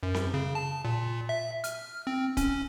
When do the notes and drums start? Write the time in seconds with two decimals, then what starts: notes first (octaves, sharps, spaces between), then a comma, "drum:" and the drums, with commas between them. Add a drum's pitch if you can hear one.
0.03 F#2
0.14 drum: snare C4
0.34 C#3
0.55 A5
0.85 A#2
1.29 E5
1.64 F6, drum: hi-hat
2.07 C4
2.37 C#4, drum: kick D1, hi-hat